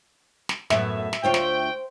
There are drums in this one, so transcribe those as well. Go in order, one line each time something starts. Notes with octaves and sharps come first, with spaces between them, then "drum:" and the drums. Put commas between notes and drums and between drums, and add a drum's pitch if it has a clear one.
drum: snare
F#2 A2 B3 E5, drum: snare
drum: snare
D2 F4 C5 C#5 G5
drum: snare